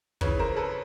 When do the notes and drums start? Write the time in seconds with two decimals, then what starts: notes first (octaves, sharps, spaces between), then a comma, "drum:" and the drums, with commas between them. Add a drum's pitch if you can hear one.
0.21 F2 C#3 E3 B4 C#5, drum: kick
0.39 A#4 C5
0.56 A4 B4